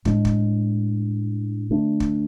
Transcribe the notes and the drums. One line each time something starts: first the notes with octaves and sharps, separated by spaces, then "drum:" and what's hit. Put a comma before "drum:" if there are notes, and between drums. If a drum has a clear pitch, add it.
A2 G#3 D4, drum: kick
drum: kick
D3 A3 D4
drum: kick